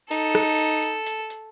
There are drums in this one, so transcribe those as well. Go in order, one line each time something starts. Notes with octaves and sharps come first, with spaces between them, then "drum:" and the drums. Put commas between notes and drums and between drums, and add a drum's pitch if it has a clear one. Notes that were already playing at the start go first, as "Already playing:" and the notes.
D#4 A4, drum: open hi-hat
drum: rim click
drum: hi-hat
drum: hi-hat
drum: hi-hat
drum: hi-hat